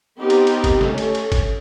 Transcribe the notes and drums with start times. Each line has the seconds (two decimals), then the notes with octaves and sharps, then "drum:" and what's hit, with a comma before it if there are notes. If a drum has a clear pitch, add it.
0.19 B3 C4 D#4 G4 A#4
0.30 drum: cymbal
0.47 drum: cymbal
0.64 drum: kick G#1, cymbal
0.81 A3 C#4, drum: snare
0.98 drum: cymbal
1.15 drum: cymbal
1.32 drum: kick G#1, cymbal